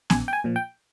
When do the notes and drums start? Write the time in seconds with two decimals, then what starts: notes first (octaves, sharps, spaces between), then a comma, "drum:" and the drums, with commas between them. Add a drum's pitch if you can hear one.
0.10 A#1 G#5, drum: snare B3
0.28 G5
0.33 G#5
0.44 A#2 F3
0.56 G5